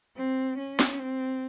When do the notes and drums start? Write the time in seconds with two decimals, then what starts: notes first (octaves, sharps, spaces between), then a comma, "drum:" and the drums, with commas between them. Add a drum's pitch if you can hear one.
0.16 C4
0.58 C#4
0.80 drum: snare
0.99 C4